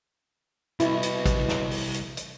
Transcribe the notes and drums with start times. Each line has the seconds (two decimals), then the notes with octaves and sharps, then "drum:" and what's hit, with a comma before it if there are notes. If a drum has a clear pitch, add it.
0.80 C2 B2 E4, drum: hi-hat
1.03 drum: hi-hat
1.26 drum: kick, hi-hat
1.48 drum: snare
1.71 drum: open hi-hat
1.94 drum: hi-hat
2.17 drum: hi-hat